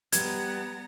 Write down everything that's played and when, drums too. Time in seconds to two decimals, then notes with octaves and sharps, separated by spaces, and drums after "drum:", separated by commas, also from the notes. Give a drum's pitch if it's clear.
0.12 G3 B3 B4 A#5 G#6, drum: hi-hat